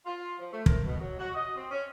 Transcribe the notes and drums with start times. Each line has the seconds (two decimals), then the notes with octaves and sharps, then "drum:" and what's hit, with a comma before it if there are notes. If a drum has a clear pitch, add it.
0.06 F4
0.39 F3
0.52 A3
0.66 A#4, drum: kick
0.85 B2
1.00 F#3
1.19 F#4
1.34 D#5
1.56 C4
1.71 C#4